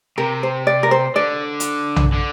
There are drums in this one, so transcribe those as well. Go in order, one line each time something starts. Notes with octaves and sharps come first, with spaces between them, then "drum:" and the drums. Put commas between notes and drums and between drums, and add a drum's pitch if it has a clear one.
C3 A#4
C5
D5
A#4
C5
D3 D5
drum: hi-hat
drum: tom B1
D3